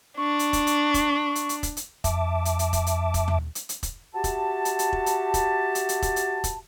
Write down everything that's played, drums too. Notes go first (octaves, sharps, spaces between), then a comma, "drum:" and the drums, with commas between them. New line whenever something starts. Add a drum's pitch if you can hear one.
D4 C#6
drum: hi-hat
drum: kick E1, hi-hat
drum: hi-hat
drum: kick E1, hi-hat
drum: hi-hat
drum: hi-hat
drum: kick E1, hi-hat
drum: hi-hat
F2 E5 A5 D6, drum: kick E1, hi-hat
drum: hi-hat
drum: hi-hat
drum: kick E1, hi-hat
drum: hi-hat
drum: kick E1, hi-hat
drum: tom D#2
drum: hi-hat
drum: hi-hat
drum: kick E1, hi-hat
F#4 G4 E5 A5
drum: kick E1, hi-hat
drum: hi-hat
drum: hi-hat
drum: kick E1
drum: hi-hat
drum: kick E1, hi-hat
drum: hi-hat
drum: hi-hat
drum: kick E1, hi-hat
drum: hi-hat
drum: kick E1, hi-hat